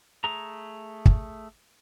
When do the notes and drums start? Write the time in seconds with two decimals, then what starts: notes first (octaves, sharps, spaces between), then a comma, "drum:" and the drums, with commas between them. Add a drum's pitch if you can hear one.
0.24 A3 G#4 A#5
1.06 drum: kick